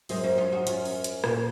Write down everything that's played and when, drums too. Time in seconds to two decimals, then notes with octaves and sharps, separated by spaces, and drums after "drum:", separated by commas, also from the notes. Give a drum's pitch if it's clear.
0.09 F#2 G#3 C4, drum: open hi-hat
0.23 A#3 C#4
0.38 C#4 F4
0.52 D#4 F#4
0.67 C#4 F4, drum: hi-hat
0.85 drum: open hi-hat
1.04 drum: hi-hat
1.24 A#2, drum: rim click